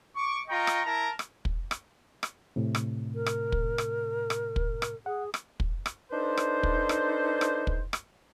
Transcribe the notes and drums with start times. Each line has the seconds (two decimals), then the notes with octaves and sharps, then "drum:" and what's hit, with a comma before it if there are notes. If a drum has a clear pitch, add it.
0.16 C#6 D6
0.48 F4 D#5 G5 A#5 C#6
0.67 drum: rim click
0.85 E4 A#4 A5 A#5
1.19 drum: rim click
1.45 drum: kick
1.71 drum: rim click
2.23 drum: rim click
2.56 A2 C3
2.75 drum: rim click
3.15 A#4
3.26 drum: rim click
3.52 drum: kick
3.78 drum: rim click
4.30 drum: rim click
4.56 drum: kick
4.82 drum: rim click
5.06 G#4 F#5
5.34 drum: rim click
5.60 drum: kick
5.86 drum: rim click
6.12 D4 D#4 A4 B4 C5
6.37 drum: rim click
6.63 drum: kick
6.89 drum: rim click
7.41 drum: rim click
7.67 drum: kick
7.93 drum: rim click